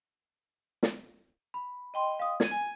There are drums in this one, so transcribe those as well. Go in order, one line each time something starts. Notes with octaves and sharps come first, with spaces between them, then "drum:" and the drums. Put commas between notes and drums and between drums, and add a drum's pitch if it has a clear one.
drum: snare
B5
D#5 G5 C6
F5 D#6
G#6 D#7, drum: snare
G#5